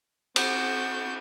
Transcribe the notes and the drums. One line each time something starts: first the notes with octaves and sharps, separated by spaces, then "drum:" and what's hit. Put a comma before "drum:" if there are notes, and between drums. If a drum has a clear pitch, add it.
C4 F#4 G6, drum: cymbal